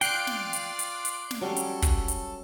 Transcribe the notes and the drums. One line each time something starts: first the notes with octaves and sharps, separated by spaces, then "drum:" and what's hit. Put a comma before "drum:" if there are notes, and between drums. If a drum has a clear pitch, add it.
F4 D5 F5 G5 F#6 C7 D7, drum: hi-hat
drum: snare
drum: hi-hat
drum: hi-hat
drum: hi-hat
drum: snare
F#3 G3 C#4 A4
drum: hi-hat
drum: kick, hi-hat
drum: hi-hat